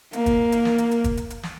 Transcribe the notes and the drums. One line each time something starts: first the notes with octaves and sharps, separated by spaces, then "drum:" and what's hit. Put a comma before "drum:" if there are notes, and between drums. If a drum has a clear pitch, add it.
A#3, drum: hi-hat
drum: kick, hi-hat
drum: hi-hat
drum: snare
drum: hi-hat
drum: hi-hat
drum: kick, hi-hat
drum: hi-hat
drum: hi-hat
drum: snare